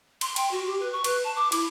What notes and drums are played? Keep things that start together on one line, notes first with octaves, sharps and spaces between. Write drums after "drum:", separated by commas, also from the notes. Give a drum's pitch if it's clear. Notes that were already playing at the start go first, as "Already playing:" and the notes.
C6, drum: cymbal
G5, drum: cymbal
F#4
G4
B4
C#6
B4, drum: cymbal
A5
D6
E4, drum: cymbal